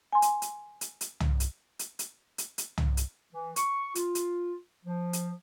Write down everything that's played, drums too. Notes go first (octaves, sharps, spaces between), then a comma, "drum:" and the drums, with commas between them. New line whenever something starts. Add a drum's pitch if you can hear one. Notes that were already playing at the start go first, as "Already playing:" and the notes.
G#5 C6
drum: hi-hat
drum: hi-hat
drum: hi-hat
drum: hi-hat
drum: tom
drum: hi-hat
drum: hi-hat
drum: hi-hat
drum: hi-hat
drum: hi-hat
drum: tom
drum: hi-hat
E3
C#6, drum: hi-hat
F4, drum: hi-hat
drum: hi-hat
F3
drum: hi-hat